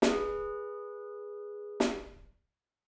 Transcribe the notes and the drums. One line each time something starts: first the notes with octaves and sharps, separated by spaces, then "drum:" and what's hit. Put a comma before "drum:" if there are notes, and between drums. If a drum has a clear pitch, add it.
G#4 B4, drum: snare
drum: snare